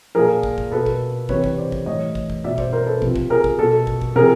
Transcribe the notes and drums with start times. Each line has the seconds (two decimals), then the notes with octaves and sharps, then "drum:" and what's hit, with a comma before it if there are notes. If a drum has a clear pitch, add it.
0.15 A#2 F3 G#4 A#4
0.43 drum: kick
0.58 drum: kick
0.71 B2 A4 B4
0.86 drum: kick
1.29 C3 E3 B4 C#5, drum: kick
1.44 drum: kick
1.58 C5 D5
1.72 drum: kick
1.86 A2 E3 C#5 D#5
2.15 drum: kick
2.30 drum: kick
2.44 B2 D5 E5
2.58 C5 D5, drum: kick
2.72 A#4 C5
2.87 A4 B4
3.02 C3 F3, drum: kick
3.16 drum: kick
3.30 G#4 A#4
3.44 drum: kick
3.59 B2 A4
3.87 drum: kick
4.02 drum: kick
4.15 C3 F3 G#4 A#4